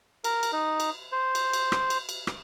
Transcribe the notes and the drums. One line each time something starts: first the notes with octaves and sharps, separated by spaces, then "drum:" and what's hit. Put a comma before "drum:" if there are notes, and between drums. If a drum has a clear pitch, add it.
A#4, drum: cymbal
drum: cymbal
D#4
drum: cymbal
C5
drum: cymbal
drum: cymbal
drum: rim click
drum: cymbal
drum: cymbal
drum: rim click